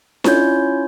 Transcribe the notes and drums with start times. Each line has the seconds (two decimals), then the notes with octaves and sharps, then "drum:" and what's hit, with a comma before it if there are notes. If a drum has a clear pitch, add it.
0.24 C#4 E4 F4 C#5 G6, drum: snare D4